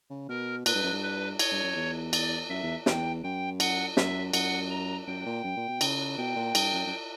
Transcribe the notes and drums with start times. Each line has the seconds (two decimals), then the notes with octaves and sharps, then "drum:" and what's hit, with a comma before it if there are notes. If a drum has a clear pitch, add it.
0.10 C#3
0.29 B2 A#4
0.66 A#2 B4, drum: cymbal
0.75 G2
0.84 F#2
0.93 G2
1.03 B4
1.39 C#5, drum: cymbal
1.51 G2
1.63 F#2
1.76 E2
2.13 D5, drum: cymbal
2.50 F#2 E5
2.63 E2
2.86 E2 G5, drum: snare
3.23 F#2 G5
3.60 F#5, drum: cymbal
3.97 F#2 E5, drum: snare
4.34 F#2 F#5, drum: cymbal
4.70 A#5
5.07 F#2 G5
5.26 A#2
5.44 F#2
5.57 A#2
5.68 B2
5.81 C#3, drum: cymbal
6.18 B2 G5
6.36 A#2
6.55 G2, drum: cymbal
6.73 F#2
6.86 F#2